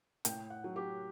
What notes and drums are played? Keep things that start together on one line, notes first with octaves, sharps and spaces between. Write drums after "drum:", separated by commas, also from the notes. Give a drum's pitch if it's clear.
A2 G5, drum: hi-hat
F#5
F#3
G4